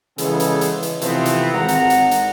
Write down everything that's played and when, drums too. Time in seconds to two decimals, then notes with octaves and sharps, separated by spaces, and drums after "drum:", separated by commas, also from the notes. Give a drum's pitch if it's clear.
0.18 C#3 E3 G#3 B3 G#4 A4, drum: hi-hat
0.40 drum: hi-hat
0.61 drum: hi-hat
0.83 drum: hi-hat
1.01 C3 E3 F3 A3 B3 C4, drum: hi-hat
1.25 drum: hi-hat
1.53 G#1 F#5 A#5
1.68 drum: hi-hat
1.90 drum: hi-hat
2.11 drum: hi-hat